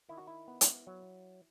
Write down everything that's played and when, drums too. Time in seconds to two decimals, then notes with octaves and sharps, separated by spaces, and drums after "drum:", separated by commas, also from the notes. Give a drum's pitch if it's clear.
0.09 D#3 E4
0.18 F#4
0.27 E4
0.48 B3
0.61 drum: hi-hat
0.87 F#3